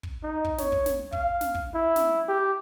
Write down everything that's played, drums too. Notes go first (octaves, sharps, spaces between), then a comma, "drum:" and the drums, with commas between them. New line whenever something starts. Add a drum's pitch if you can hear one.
drum: kick
D#4
drum: kick
C#5, drum: snare
drum: kick
drum: snare
F5, drum: kick
drum: snare
drum: kick
E4
drum: snare
G4